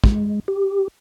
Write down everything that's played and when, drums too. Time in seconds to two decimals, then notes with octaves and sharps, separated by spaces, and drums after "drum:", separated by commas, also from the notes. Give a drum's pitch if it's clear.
0.04 G#3, drum: kick
0.48 G4